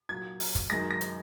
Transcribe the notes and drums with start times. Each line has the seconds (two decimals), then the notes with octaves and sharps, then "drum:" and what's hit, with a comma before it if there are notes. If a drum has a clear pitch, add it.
0.09 A#2 F#3 G#6
0.40 drum: open hi-hat
0.55 drum: kick, hi-hat
0.70 F#2 D#3 G#3 A#6
0.91 A#6
1.01 drum: hi-hat